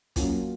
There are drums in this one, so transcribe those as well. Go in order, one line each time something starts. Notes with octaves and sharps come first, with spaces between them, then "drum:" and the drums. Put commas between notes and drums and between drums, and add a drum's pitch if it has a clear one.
F#3 A#3 C#4 F4, drum: kick, hi-hat